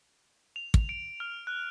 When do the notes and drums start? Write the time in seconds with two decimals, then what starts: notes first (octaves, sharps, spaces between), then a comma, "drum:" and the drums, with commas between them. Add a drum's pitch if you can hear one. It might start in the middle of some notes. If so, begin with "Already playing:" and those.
0.56 F7
0.74 drum: kick
0.89 D7
1.20 F6
1.47 F#6